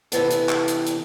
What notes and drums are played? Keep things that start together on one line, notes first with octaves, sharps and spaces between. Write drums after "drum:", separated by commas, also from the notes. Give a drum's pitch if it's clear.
C3 E3 B3 A4, drum: hi-hat
drum: hi-hat
drum: clap
drum: hi-hat
drum: hi-hat